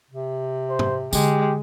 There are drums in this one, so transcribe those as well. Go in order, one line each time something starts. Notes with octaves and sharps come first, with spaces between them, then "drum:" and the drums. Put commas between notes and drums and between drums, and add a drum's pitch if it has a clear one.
C3
C5
drum: tom
D3 G#3 G4, drum: tambourine